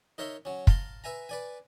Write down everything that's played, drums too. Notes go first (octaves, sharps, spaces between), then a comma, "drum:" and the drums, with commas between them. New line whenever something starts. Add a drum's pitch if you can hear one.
D#4 A#4 C#5 E5 C6
F#3 C#4
F5 A5 A#5 C6, drum: kick
B4 E5 G#5 A#5
B4 D5 G#5